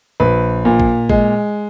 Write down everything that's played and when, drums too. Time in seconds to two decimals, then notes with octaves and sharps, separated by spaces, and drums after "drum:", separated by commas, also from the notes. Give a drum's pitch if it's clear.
0.20 A#1 B4
0.65 A#2
0.80 drum: kick A1
1.09 G#3, drum: kick A1